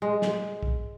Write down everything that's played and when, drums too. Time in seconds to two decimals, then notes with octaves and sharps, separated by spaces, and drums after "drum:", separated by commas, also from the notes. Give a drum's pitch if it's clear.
0.02 G#3
0.22 drum: snare
0.63 drum: kick